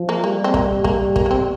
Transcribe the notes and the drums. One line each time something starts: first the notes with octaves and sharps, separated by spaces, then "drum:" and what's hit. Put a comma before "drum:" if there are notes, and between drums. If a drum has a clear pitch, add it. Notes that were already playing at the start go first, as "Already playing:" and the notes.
Already playing: F3
A#3
G3 A#3
C4
A#3, drum: kick
G3 A#3, drum: kick
A#3, drum: kick
A#3
C4